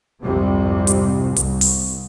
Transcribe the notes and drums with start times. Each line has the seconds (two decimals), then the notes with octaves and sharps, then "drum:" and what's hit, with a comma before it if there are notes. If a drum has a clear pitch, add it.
0.23 C2 F2 G#2 C3 G3 C4
0.87 drum: hi-hat
1.36 C2, drum: hi-hat
1.61 drum: open hi-hat